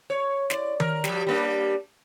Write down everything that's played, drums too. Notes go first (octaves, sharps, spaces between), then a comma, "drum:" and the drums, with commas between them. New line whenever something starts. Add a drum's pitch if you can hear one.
C#5
E4 D5, drum: snare
A#4, drum: tom D#3
F3 G3, drum: snare
G3 A#3 D4